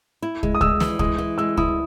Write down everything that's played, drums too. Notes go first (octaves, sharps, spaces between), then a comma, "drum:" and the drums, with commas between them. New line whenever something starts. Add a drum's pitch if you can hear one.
E4
G#3, drum: kick
D#6
G#3 E6, drum: kick
E3, drum: snare
G#3 D#6, drum: kick
E3
G#3 E6
E4 D#6, drum: kick